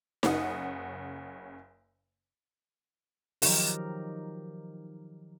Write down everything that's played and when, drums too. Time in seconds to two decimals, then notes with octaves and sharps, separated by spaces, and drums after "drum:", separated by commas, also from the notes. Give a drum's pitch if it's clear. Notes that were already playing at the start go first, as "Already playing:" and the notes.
0.23 F#1 C#3 F#5 D#6, drum: snare D#4
3.42 D#3 F3 F#3 D#4 G4 A#4, drum: open hi-hat